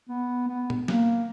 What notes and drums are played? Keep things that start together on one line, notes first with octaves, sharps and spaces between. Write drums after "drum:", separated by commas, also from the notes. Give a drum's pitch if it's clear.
B3
B3
drum: tom
A#3, drum: snare F#3